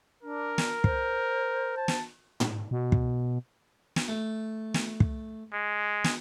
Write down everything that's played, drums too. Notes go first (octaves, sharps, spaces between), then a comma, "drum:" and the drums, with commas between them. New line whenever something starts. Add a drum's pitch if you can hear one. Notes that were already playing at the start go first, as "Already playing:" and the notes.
D4 A#4
drum: snare
C5, drum: kick
A5
drum: snare
drum: tom
B2
drum: kick
drum: snare
A3
drum: snare
drum: kick
G#3
drum: snare